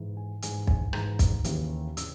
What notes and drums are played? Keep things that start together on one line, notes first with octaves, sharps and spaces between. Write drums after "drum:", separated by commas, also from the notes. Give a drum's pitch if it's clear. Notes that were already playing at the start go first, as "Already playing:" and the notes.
Already playing: G#2 E3
G#5
G#2 E3 G#5, drum: hi-hat
G#5, drum: kick
G#2 E3 A#5, drum: rim click
drum: kick, hi-hat
D#2 C#3 E3, drum: hi-hat
C#3 E3 E6, drum: hi-hat